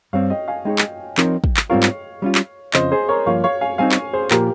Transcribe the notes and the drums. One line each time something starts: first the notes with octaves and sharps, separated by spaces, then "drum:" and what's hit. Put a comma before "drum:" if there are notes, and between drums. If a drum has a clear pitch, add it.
G2 G3 C4 C#5 F5
D#5 G5
F5 G#5
G#3 D#4 G#4 C#5 D#5 G5
drum: clap
F3 C4 D#4 A#4 C#5, drum: clap
drum: kick
drum: clap
G#2 G3 C4 F4 A#4 C#5 F5
drum: clap
G3 C#4 F4
drum: clap
F2 C#3 F3 C4 C5 D#5, drum: clap
G#4 C5
A#4 C#5
G2 F3 A#3 C#5 F5
C#5 F5
F5 G#5
G3 C4 D#4 F5 G#5
drum: clap
G#4 C5
A#2 F3 A#3 G4 A#4, drum: clap